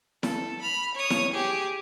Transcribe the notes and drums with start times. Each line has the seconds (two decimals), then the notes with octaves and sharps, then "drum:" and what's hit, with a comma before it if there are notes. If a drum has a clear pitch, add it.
0.23 A4, drum: snare E4
0.61 B5 F6
0.95 C#5 D#6
1.10 drum: snare E4
1.32 G4 G#4